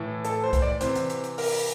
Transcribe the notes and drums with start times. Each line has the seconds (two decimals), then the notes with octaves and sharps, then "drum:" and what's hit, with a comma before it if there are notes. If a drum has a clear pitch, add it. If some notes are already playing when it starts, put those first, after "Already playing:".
Already playing: A2 E3
0.25 A4, drum: hi-hat
0.44 C5
0.53 drum: kick, hi-hat
0.62 D5
0.81 C3 E3 C5, drum: hi-hat
0.95 drum: hi-hat
1.10 drum: hi-hat
1.24 drum: hi-hat
1.38 A#4, drum: open hi-hat
1.52 drum: open hi-hat